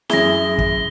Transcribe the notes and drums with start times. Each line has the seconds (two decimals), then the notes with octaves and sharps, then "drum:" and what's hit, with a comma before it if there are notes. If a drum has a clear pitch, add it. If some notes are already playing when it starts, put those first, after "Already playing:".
0.10 F#2 E4 G#4 A#6 G7, drum: snare
0.59 drum: kick